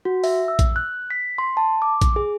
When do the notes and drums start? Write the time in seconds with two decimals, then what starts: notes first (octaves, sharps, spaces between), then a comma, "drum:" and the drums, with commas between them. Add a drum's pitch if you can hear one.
0.05 F#4
0.24 E5, drum: open hi-hat
0.48 E6
0.59 drum: kick A#1, hi-hat
0.76 F#6
1.10 B6
1.38 C6
1.57 A5
1.82 D6
2.02 drum: kick A#1, hi-hat
2.16 G#4